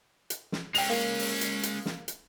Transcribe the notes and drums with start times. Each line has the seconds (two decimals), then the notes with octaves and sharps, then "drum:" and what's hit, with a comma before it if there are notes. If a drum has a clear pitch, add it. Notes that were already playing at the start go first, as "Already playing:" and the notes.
0.30 drum: hi-hat
0.52 drum: snare
0.75 G#3 C#4 G5 F7, drum: open hi-hat
0.90 G#3 A#3 C#4
1.19 drum: open hi-hat
1.41 drum: hi-hat
1.63 drum: hi-hat
1.86 drum: snare
2.08 drum: hi-hat